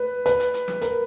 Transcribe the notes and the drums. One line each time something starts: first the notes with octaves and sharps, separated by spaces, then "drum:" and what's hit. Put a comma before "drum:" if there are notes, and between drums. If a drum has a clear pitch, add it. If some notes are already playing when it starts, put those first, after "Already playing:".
Already playing: B4
B4, drum: hi-hat
drum: hi-hat
drum: hi-hat
drum: snare
A#4, drum: hi-hat